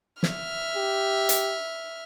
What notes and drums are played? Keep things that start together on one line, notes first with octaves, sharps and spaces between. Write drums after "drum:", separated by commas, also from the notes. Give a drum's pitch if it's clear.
E5 F6, drum: snare
G4
drum: hi-hat